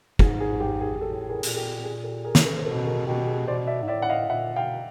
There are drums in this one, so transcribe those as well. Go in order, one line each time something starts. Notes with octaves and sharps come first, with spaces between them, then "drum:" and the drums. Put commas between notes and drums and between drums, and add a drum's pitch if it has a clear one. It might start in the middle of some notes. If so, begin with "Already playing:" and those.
G#2 G#4, drum: kick
G#4
G4
G#4
A2 G4 A4
G#4 A#4
A#2, drum: hi-hat
G4 A4
G#4
G4 A4
G#4 A#4
drum: snare
A4 B4
C5
B2 A4 B4
G#4 A#4
B2 G4
G#4
B2 C5 D5
D5 E5
G#2
A2 D5 E5
F#5
D#5 F5
A#2 E5 F#5
B2 F5 G5